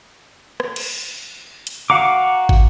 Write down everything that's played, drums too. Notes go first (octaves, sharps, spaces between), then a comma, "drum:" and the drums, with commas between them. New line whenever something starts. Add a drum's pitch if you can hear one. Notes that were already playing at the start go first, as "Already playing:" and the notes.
drum: rim click
drum: cymbal
drum: hi-hat
F#4 F5 F#5 A#5 D6
drum: kick